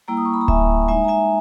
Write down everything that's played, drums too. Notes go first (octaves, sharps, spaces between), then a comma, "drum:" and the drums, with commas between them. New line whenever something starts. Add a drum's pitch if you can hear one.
G3 A#3 E4 G5 A#5
D#6
C#6
B5
A#5
E5 G#5, drum: kick D1
G#3 D#4 E5 G#5
A#5
E5 G#5